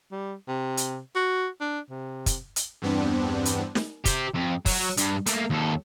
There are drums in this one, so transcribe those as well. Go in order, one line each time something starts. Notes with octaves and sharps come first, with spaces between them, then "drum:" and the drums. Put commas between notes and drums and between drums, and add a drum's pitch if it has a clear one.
G3
C3
drum: hi-hat
F#4
D4
C3
drum: kick, hi-hat
drum: hi-hat
E2 G2 B3 C4 D4
drum: hi-hat
drum: snare
G4 C5, drum: kick, hi-hat
F2
F#3, drum: kick, open hi-hat
G2, drum: hi-hat
A3 A#3, drum: hi-hat
D#2 A4